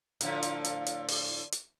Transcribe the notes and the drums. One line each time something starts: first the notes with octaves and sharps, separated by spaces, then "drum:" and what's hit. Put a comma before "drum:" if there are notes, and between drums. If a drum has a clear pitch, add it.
A2 D3 F3, drum: hi-hat
drum: hi-hat
drum: hi-hat
drum: hi-hat
drum: open hi-hat
drum: hi-hat